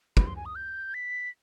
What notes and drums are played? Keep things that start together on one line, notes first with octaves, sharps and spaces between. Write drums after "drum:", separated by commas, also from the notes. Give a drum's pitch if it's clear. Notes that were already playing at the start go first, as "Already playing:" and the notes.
B5, drum: kick
C6
G#5
D#6
G6
B6